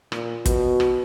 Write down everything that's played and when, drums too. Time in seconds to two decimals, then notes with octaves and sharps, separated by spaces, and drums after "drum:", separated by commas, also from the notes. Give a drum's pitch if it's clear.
0.12 A#2, drum: rim click
0.46 B2, drum: kick, hi-hat
0.80 drum: rim click